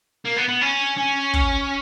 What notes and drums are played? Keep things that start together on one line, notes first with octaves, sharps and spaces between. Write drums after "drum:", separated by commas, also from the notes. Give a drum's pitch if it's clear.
A#3
B3
B3
C#4
C#4
drum: kick